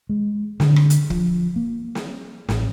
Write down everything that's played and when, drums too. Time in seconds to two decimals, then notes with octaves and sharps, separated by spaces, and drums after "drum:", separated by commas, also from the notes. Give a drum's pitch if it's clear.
0.09 G#3
0.60 D3, drum: snare
0.76 drum: rim click
0.90 drum: hi-hat
1.10 F3, drum: kick
1.56 A#3
1.95 drum: snare
2.49 A1, drum: snare